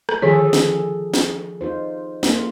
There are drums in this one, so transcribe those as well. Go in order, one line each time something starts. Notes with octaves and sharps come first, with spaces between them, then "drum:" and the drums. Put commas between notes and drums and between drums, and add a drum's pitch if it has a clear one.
drum: rim click
D3 D#3 F3 G#4 A4 C#5
drum: snare
drum: snare
D#4 F4 C5
A#3 F4, drum: snare